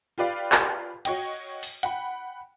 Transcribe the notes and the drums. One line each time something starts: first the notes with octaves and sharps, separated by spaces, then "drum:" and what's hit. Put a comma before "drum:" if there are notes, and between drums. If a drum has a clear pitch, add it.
F4 G4 B4 D5 F5
drum: clap
F#4 C#5 D#5 G5, drum: cymbal
drum: open hi-hat
F#5 G5 B5, drum: hi-hat